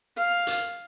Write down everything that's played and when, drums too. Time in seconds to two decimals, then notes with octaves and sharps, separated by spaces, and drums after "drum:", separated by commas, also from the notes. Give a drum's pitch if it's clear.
0.17 F5
0.47 drum: hi-hat